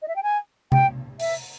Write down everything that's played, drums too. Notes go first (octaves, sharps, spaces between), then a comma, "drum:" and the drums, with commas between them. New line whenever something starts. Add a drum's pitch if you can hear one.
D#5
E5
G5
G#5
G5, drum: tom C3
E5, drum: open hi-hat